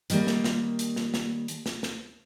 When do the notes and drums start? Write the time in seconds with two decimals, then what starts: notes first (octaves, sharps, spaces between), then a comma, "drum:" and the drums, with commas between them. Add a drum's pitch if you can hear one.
0.10 D#3 G3 A#3, drum: hi-hat
0.27 drum: snare
0.44 drum: snare
0.79 drum: hi-hat
0.96 drum: snare
1.14 drum: snare
1.48 drum: hi-hat
1.66 drum: snare
1.83 drum: snare